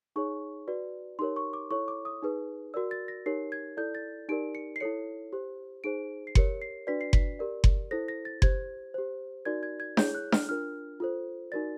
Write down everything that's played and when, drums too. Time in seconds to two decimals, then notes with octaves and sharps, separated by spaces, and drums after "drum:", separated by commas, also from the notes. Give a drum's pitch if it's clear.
0.16 D#4 G#4 C#5 C#6
0.68 F#4 B4 D5
1.19 D#4 G4 A#4 C#5 C6
1.36 C#6
1.53 D6
1.71 E4 A4 C#5 C#6
1.88 D6
2.05 D#6
2.22 D#4 G#4 B4
2.74 F#4 A#4 D5 E6
2.91 A6
3.08 A#6
3.26 D#4 G4 A#4 C#5 C7
3.52 G#6
3.77 E4 A4 D5 G6
3.95 A6
4.29 D#4 G4 A#4 D5 D7
4.55 C#7
4.76 C7
4.80 E4 A4 C#5 C#7
5.33 G4 C5
5.84 D#4 G#4 C5 D7
6.27 C7
6.35 G4 A#4 C#5 C#7, drum: kick F#1
6.62 C7
6.87 D4 F#4 B4 D5 B6
7.01 C7
7.13 B6, drum: kick F#1
7.39 G4 A#4 D5
7.64 drum: kick F#1
7.91 E4 A4 C5 A#6
8.08 A#6
8.25 A6
8.42 G4 C5 G#6, drum: kick F#1
8.94 G4 C5
9.45 D#4 F#4 A#4 D5 G#6
9.63 G#6
9.80 G#6
9.97 E4 G#4 C#5 G6, drum: snare D4
10.15 F#6
10.32 F6, drum: snare D4
10.49 D4 F4 A#4 F6
11.00 F4 A4 C5
11.52 D#4 F#4 A#4 D5 A6